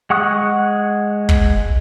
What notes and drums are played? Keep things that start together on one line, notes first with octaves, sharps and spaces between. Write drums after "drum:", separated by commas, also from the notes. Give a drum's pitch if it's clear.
G#3 F#5 C#6 D#6 F#6
drum: kick